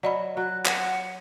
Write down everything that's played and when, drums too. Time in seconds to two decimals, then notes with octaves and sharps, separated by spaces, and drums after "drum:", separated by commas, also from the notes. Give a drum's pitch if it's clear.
0.03 F#3 D5 D#5 B5
0.37 F#3 F#6
0.65 F#5, drum: clap